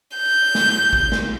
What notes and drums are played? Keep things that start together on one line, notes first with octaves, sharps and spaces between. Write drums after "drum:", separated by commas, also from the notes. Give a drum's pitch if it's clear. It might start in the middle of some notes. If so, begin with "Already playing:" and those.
G6
drum: snare
drum: kick
drum: snare